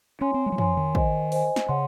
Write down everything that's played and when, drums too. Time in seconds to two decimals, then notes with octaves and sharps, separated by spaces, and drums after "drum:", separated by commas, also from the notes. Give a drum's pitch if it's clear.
0.21 C#4 C#5 G#5 C6
0.34 C4
0.46 G#3
0.52 F#3
0.58 F3 C#5 G#5 C6, drum: tom
0.77 D#3
0.95 C5 D#5 G#5, drum: kick
1.32 C5 D#5 G#5, drum: open hi-hat
1.56 drum: snare
1.69 C#3 C#5 F#5 C6